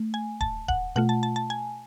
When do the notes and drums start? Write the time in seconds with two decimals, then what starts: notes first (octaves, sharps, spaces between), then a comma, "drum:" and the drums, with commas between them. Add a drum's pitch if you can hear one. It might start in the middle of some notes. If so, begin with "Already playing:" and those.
Already playing: A3
0.14 G#5
0.41 A5, drum: kick D1
0.68 F#5, drum: kick D1
0.96 B2 A3 F4 F#5
1.09 A5
1.23 A5
1.36 A5
1.50 G#5